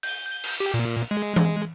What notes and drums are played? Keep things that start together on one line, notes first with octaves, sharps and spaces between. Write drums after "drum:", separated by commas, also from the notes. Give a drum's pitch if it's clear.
G6, drum: open hi-hat
drum: cymbal
G4
A#2
G#3
drum: tom E3